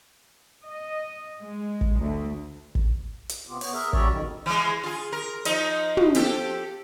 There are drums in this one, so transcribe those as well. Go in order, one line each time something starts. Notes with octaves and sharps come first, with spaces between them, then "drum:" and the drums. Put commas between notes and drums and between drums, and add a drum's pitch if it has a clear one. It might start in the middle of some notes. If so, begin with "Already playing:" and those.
D#5
G#3
drum: kick
D2
drum: kick
drum: hi-hat
C3 B3 F4 G4
B3 C#5, drum: open hi-hat
G#4 A#4 E5
F#3 G3 C#4 C#5 D5 E5, drum: kick
F2 B2 D#3
E3 G#3
F4 G#4
A#4
F3 D#4 D#5, drum: hi-hat
drum: tom
F3 G4 A4, drum: hi-hat